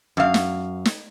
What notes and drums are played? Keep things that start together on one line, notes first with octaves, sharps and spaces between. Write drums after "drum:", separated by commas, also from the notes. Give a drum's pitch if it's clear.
F#2 F5
drum: snare
drum: snare